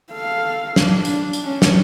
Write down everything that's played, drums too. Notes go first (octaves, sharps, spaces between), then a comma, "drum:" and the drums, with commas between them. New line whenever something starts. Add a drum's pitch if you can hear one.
A4 F5
D4, drum: snare
drum: tambourine
drum: tambourine
C#4 D4
drum: snare